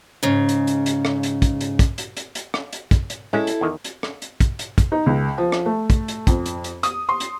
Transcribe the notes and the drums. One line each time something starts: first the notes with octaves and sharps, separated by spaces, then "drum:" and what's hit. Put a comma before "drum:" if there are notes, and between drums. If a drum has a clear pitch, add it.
G#2 C#3
drum: hi-hat
drum: hi-hat
drum: hi-hat
drum: rim click
drum: hi-hat
drum: kick, hi-hat
drum: hi-hat
drum: kick, hi-hat
drum: hi-hat
drum: hi-hat
drum: hi-hat
drum: rim click
drum: hi-hat
drum: kick, hi-hat
drum: hi-hat
G#3 C#4 E4 A4
drum: hi-hat
E2 D#3
drum: hi-hat
drum: rim click
drum: hi-hat
drum: kick, hi-hat
drum: hi-hat
drum: kick, hi-hat
D#4
C#2
F3
drum: rim click
A3
drum: kick, hi-hat
drum: hi-hat
F2, drum: kick, hi-hat
drum: hi-hat
drum: hi-hat
D#6, drum: hi-hat
C6
drum: hi-hat